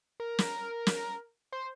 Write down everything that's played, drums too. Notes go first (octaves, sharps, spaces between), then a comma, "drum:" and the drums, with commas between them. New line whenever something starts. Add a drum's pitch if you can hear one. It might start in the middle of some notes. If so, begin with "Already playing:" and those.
A#4
drum: snare
drum: snare
C5